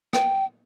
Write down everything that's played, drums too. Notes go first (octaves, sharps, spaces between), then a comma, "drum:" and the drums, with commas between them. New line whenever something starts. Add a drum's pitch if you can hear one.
G5, drum: rim click